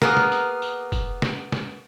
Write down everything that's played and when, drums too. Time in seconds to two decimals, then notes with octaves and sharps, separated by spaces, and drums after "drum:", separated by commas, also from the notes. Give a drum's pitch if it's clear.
0.02 A#3 B3 G#4 A#4, drum: snare
0.17 drum: snare
0.32 drum: tambourine
0.62 drum: tambourine
0.92 drum: kick, tambourine
1.22 drum: snare
1.52 drum: snare